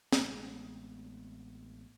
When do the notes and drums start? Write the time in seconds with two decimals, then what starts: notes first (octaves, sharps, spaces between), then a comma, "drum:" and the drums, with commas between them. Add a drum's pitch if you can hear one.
0.12 A1 G#3 B3 C4, drum: snare